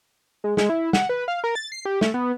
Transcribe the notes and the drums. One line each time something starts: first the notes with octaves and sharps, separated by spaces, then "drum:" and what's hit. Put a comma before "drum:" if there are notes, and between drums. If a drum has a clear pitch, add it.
G#3
G#3, drum: snare
E4
F#5, drum: snare
B4
F5
A#4
A6
C7
G4
A3, drum: snare
B3